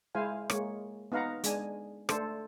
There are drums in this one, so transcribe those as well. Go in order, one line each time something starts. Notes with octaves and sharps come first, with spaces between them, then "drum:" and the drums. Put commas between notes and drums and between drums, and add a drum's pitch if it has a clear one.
G#3 E4 C5 F5 G#5
G#3 A#3 C#5, drum: rim click
B3 D#4 F5 F#5 A#5
G#3 D4 G#5, drum: hi-hat
A3 D4 A4 C5, drum: rim click